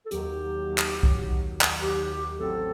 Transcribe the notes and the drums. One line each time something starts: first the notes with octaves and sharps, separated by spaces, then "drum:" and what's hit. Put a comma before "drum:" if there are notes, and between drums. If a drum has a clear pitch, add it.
A4
D#2 D#3 F#3 G4, drum: hi-hat
D#2 D#3 F#3
drum: clap
drum: kick B1
D#2 D#3 F#3
drum: clap
D#2 D#3 F#3 G4
A1 A2 F#3 C4 A4